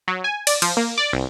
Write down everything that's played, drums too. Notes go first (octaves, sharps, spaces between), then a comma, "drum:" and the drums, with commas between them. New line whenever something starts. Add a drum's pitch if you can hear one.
F#3
G#5
D5, drum: cymbal
F3, drum: cymbal
A#3
D5
C2